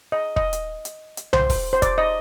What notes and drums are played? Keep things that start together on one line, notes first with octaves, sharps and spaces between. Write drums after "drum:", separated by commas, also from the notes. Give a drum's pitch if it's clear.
D#5
D#5, drum: kick
drum: hi-hat
drum: hi-hat
drum: hi-hat
C5, drum: tom C2
drum: kick, open hi-hat
C5
D5, drum: kick, hi-hat
D#5